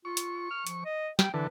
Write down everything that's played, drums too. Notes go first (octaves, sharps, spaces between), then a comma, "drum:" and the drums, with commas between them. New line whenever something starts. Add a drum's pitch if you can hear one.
F4 C#6
drum: hi-hat
F6
F3, drum: hi-hat
D#5
G3 G5, drum: snare
D3 E3 A4 B4